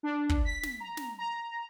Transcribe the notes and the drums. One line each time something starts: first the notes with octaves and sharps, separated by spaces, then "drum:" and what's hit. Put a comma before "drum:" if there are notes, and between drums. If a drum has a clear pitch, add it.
D4
drum: kick
B6
drum: snare
A#5
drum: snare
A#5